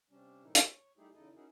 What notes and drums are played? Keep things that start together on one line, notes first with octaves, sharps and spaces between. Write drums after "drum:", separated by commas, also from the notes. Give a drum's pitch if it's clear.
C3 G3 C#4 D4
A2 C3 D#3 G3 D#4 E4
C#5, drum: hi-hat
G3 A3 D#4 E4 G4 G#4
E2 C#3 D#4 E4 A4 D#5
C#4 D#4 E4 F#4 G#4 A#4